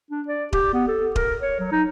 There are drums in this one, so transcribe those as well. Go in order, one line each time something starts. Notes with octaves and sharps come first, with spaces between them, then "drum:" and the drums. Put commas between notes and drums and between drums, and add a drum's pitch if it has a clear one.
D4
D5
G4, drum: kick D#1
B3
A4
A#4, drum: kick D#1
C#5
F#3
D#4